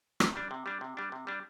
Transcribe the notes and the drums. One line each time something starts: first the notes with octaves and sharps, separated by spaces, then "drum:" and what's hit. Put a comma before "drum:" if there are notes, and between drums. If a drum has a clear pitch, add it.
C3, drum: rim click
G3 D4
C3
G3 D4
C3
G3 D4
C3
G3 D4